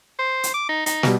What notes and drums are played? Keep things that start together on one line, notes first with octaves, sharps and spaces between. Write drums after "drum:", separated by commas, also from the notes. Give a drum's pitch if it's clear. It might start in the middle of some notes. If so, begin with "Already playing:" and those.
C5
drum: hi-hat
D6
D#4
D#4, drum: hi-hat
B2 G3, drum: snare